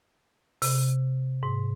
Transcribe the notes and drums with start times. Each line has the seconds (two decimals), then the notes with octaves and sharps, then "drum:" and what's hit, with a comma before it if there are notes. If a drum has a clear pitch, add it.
0.62 C3, drum: open hi-hat
1.43 G#2